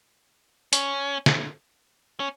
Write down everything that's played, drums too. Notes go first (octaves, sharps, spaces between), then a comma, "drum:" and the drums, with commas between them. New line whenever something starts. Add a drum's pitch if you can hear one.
C#4, drum: hi-hat
drum: snare
C#4